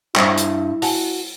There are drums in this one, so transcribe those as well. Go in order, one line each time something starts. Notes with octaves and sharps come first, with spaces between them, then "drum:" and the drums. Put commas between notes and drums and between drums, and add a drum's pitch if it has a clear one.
G2 G3 E4 C5 E5, drum: clap
drum: hi-hat
F#4 F#5 G#5 A5, drum: open hi-hat